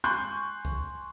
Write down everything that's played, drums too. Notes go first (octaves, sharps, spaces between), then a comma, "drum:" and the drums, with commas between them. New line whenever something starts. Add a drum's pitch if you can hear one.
G#5 C6 C#6 F#6 G6
drum: kick C2